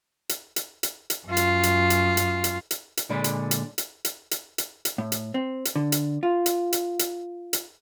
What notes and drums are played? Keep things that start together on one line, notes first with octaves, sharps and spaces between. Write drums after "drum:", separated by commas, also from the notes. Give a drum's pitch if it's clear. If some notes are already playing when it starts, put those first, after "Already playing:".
drum: hi-hat
drum: hi-hat
drum: hi-hat
drum: hi-hat
F#2 F4
drum: hi-hat
drum: hi-hat
drum: hi-hat
drum: hi-hat
drum: hi-hat
drum: hi-hat
drum: hi-hat
A#2 D3 G#3 D5 B5
drum: hi-hat
drum: hi-hat
drum: hi-hat
drum: hi-hat
drum: hi-hat
drum: hi-hat
drum: hi-hat
A2
drum: hi-hat
C4
drum: hi-hat
D3
drum: hi-hat
F4
drum: hi-hat
drum: hi-hat
drum: hi-hat
drum: hi-hat